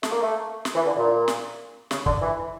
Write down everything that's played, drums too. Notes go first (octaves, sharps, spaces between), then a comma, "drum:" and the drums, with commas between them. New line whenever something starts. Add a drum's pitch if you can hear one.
A3, drum: snare
A#3
A3
drum: snare
E3
D3
A#2
drum: snare
C#3, drum: snare
D3, drum: kick
E3